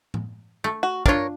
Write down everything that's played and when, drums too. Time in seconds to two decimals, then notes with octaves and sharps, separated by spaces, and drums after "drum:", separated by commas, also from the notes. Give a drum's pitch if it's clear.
0.14 drum: tom
0.64 A3
0.83 F#4
1.06 D4 F4 A#4 C#5, drum: kick